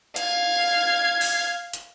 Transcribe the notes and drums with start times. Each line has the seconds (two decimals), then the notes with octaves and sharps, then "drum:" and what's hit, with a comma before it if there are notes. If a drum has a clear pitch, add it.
0.16 F5 G#6, drum: hi-hat
1.21 drum: open hi-hat
1.73 drum: hi-hat